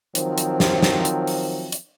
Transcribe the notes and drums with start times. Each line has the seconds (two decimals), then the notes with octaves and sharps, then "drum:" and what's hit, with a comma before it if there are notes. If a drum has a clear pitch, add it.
0.15 D#3 F3 F#3 C4, drum: hi-hat
0.38 drum: hi-hat
0.60 drum: snare
0.83 drum: snare
1.05 drum: hi-hat
1.27 drum: open hi-hat
1.72 drum: hi-hat